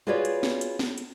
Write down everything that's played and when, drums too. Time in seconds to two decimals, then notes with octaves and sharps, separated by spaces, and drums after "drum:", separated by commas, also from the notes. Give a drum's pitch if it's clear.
0.07 F4 F#4 G#4 B4 C#5 D5
0.25 drum: hi-hat
0.43 drum: snare
0.61 drum: hi-hat
0.79 drum: snare
0.98 drum: hi-hat